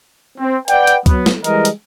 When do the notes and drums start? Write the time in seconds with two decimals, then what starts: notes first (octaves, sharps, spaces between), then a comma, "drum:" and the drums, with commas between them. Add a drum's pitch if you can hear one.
0.38 C4
0.68 B4 D5 F#5 G5, drum: hi-hat
0.87 drum: hi-hat
1.06 F#3 B3, drum: kick C#2, hi-hat
1.26 drum: snare
1.44 E3 G3 G#3 A#4 D#5, drum: hi-hat
1.65 drum: hi-hat